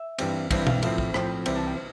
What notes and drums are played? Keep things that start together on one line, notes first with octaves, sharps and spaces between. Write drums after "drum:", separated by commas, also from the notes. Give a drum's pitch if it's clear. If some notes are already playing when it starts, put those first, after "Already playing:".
Already playing: E5
G2 E3 G3 C4, drum: cymbal
G2 E3 G3 C4 G5, drum: kick, cymbal
F5, drum: tom B2
A2 F3 C4 E5, drum: cymbal
drum: kick
A2 F3 C4 G5, drum: rim click
C2 C3 E3 G5, drum: cymbal
A5
G5